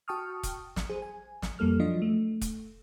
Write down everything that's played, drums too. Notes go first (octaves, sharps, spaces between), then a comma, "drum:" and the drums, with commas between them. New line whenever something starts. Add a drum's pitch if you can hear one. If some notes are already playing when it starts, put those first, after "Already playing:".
F#4 G5 A5 C#6 D#6 F6
drum: kick E1, hi-hat
drum: snare
G#4 C5
G#5
drum: snare
F2 G3 A#3 A4 F6
F3 F#3 D4 F4 D#5
A3
drum: kick E1, hi-hat